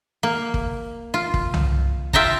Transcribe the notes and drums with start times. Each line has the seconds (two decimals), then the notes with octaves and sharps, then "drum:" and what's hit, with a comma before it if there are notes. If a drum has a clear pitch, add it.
0.23 A#3
0.54 drum: kick
1.14 F4
1.34 drum: kick
1.54 drum: tom C2
2.13 F4 E5 G5 A5 A#5, drum: kick